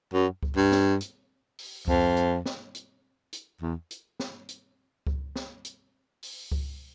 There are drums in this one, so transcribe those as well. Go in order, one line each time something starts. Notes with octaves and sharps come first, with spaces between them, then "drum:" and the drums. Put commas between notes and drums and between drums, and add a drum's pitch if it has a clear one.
F#2
drum: kick C#2
G2
drum: snare
drum: hi-hat
drum: open hi-hat
F2, drum: kick C#2
drum: hi-hat
drum: snare
drum: hi-hat
drum: hi-hat
E2
drum: hi-hat
drum: snare
drum: hi-hat
drum: kick C#2
drum: snare
drum: hi-hat
drum: open hi-hat
drum: kick C#2